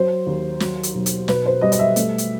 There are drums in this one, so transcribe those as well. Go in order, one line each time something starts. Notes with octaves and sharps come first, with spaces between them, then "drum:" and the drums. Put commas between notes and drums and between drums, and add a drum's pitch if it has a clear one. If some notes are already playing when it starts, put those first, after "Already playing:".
Already playing: F#3 C5
D#2
F#3, drum: snare
drum: hi-hat
B1
drum: hi-hat
B2 B4, drum: snare
C5
G3 D#5
D#5, drum: hi-hat
E5
A3, drum: hi-hat
drum: hi-hat